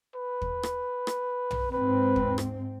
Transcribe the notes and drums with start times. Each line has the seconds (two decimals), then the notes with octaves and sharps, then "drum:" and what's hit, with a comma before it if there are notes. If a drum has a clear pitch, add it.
0.16 B4
0.42 drum: kick
0.63 drum: rim click
1.07 drum: rim click
1.51 drum: tom
1.72 G#2 C4 B4
2.16 drum: kick
2.38 drum: rim click